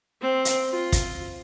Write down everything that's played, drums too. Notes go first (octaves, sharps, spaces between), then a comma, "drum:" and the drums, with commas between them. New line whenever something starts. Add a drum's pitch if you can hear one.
C4
drum: hi-hat
F4
drum: kick, hi-hat